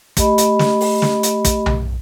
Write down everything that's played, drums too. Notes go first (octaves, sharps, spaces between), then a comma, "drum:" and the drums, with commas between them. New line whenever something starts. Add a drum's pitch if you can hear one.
A3 G4 D#5 B5, drum: kick, hi-hat
drum: hi-hat
drum: snare
drum: open hi-hat
drum: snare
drum: hi-hat
drum: kick, hi-hat
drum: tom B1